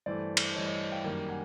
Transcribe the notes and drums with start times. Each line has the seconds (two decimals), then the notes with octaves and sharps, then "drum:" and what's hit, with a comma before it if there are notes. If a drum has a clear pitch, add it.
0.06 G2 E3 A3 C5 D5
0.37 drum: cymbal
0.55 G2 E3 A3 C#5 D#5
0.67 C#5 D#5
0.92 F5 G5
1.04 F#2 D#3 G3 A#3
1.28 F#5 G#5